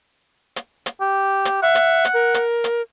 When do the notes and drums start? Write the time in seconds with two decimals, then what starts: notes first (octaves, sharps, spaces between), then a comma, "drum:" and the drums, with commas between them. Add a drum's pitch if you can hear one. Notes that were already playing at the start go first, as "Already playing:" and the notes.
0.56 drum: hi-hat
0.86 drum: hi-hat
1.01 G4
1.45 drum: hi-hat
1.62 E5 F#5
1.75 drum: hi-hat
2.05 drum: hi-hat
2.14 A#4
2.34 drum: hi-hat
2.64 drum: hi-hat